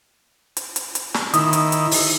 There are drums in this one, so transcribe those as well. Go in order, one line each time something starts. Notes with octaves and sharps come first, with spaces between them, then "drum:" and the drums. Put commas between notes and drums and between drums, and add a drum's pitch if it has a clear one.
drum: hi-hat
drum: hi-hat
drum: hi-hat
drum: snare
D#3 E4 D#6, drum: hi-hat
drum: hi-hat
drum: hi-hat
drum: open hi-hat